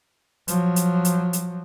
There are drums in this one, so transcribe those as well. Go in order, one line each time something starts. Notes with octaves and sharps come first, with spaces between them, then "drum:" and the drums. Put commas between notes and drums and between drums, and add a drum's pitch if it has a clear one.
F3 F#3, drum: hi-hat
drum: hi-hat
drum: hi-hat
drum: hi-hat